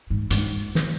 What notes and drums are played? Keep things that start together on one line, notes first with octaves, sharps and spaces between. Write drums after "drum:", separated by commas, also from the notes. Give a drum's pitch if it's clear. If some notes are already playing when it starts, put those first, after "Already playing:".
G#2
G#2, drum: hi-hat
drum: snare